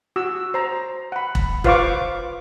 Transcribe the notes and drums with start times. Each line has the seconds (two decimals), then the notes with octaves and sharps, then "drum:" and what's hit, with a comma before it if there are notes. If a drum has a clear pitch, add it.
0.16 F#4 E6
0.54 C5 A#5
1.12 F#5 B5
1.35 drum: kick E1
1.64 F4 B4 C5 F5 C#6 D6, drum: kick E1